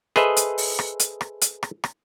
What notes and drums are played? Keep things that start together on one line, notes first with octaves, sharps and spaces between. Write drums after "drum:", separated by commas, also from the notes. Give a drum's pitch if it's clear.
G#4 A4 B4 C5 D#5 E5, drum: rim click
drum: hi-hat
drum: open hi-hat
drum: rim click
drum: hi-hat
drum: rim click
drum: hi-hat
drum: rim click
drum: rim click